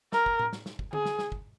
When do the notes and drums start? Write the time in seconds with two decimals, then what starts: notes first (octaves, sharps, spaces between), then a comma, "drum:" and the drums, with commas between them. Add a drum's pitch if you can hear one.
0.12 A#4, drum: snare
0.26 drum: kick
0.39 drum: tom A2
0.53 drum: snare
0.66 drum: snare
0.79 drum: kick
0.93 G#4, drum: tom D3
1.05 drum: snare
1.19 drum: snare
1.32 drum: kick